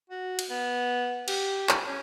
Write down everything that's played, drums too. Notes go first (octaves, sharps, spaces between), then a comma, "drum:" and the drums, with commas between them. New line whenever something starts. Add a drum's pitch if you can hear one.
F#4
drum: cymbal
B3
G4, drum: cymbal
drum: clap
C#4